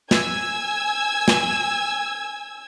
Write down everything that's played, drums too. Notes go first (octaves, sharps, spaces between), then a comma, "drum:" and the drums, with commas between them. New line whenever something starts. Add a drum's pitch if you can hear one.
G#5 E6 G#6, drum: snare
drum: snare